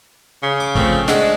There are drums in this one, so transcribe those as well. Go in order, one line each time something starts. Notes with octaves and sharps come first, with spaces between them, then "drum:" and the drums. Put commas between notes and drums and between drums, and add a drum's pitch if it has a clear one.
C#3
D6
F3 A3 C4, drum: kick
G#3 D4 E5 F#5, drum: snare